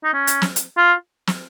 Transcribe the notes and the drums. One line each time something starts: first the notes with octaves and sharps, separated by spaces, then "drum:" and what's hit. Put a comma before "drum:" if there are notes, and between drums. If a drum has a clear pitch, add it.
D#4
C#4
drum: hi-hat
drum: snare
drum: hi-hat
F4
drum: snare